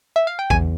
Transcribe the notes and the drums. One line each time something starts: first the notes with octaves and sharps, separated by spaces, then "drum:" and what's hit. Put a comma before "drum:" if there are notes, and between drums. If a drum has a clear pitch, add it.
E5
F5
G5
E2 G#5, drum: kick A#1